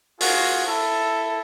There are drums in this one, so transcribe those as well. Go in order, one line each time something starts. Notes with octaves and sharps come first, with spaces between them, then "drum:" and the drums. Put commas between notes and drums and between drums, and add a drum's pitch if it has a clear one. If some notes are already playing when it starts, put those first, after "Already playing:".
F4 F#4 G#4, drum: open hi-hat
E4 A4